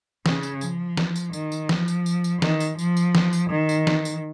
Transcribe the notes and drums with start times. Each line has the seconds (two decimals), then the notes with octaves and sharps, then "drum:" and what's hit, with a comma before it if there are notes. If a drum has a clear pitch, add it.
0.26 C#3, drum: snare
0.43 drum: tambourine
0.61 F3, drum: tambourine
0.97 drum: snare
1.16 drum: tambourine
1.33 D#3, drum: tambourine
1.52 drum: tambourine
1.69 F3, drum: snare
1.88 drum: tambourine
2.06 drum: tambourine
2.24 drum: tambourine
2.42 D#3, drum: snare
2.60 drum: tambourine
2.79 F3, drum: tambourine
2.97 drum: tambourine
3.15 drum: snare
3.33 drum: tambourine
3.51 D#3
3.69 drum: tambourine
3.87 drum: snare
4.05 drum: tambourine